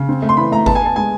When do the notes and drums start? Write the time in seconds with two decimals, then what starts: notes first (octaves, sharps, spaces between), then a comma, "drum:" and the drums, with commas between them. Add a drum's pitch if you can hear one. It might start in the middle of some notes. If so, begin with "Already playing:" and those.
Already playing: C#3
0.09 C4
0.22 A3
0.29 C6
0.37 E3 B5
0.52 A3 A#5
0.66 B3 A5, drum: kick G1
0.75 G#5
0.82 B3 A5
0.96 G#3 G#5